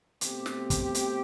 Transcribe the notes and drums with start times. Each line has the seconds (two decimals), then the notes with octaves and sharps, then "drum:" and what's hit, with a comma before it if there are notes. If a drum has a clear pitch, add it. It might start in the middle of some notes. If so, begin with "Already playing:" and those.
0.21 B2 A3 C4 G4, drum: hi-hat
0.46 drum: snare
0.70 drum: kick, hi-hat
0.95 drum: hi-hat